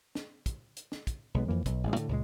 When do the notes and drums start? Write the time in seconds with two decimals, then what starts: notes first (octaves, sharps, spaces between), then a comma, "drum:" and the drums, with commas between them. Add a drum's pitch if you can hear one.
0.15 drum: snare
0.46 drum: kick, hi-hat
0.77 drum: hi-hat
0.92 drum: snare
1.07 drum: kick, hi-hat
1.34 B1 G#3 B3
1.48 F2 E3 A#3
1.66 B1, drum: kick, hi-hat
1.84 A1 A2 G#3
1.96 A2 D3, drum: hi-hat
2.09 C#2 A#2 G#3